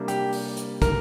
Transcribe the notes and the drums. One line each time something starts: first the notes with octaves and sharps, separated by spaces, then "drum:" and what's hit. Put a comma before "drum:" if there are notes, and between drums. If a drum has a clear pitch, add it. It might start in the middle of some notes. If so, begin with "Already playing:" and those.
Already playing: C3 G3 A#3 D4
G4, drum: hi-hat
drum: open hi-hat
drum: hi-hat
A#4, drum: kick, hi-hat